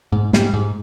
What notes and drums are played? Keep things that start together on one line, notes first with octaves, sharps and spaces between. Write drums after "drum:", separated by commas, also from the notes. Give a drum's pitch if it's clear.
G#2
G#2 G3, drum: snare
G#2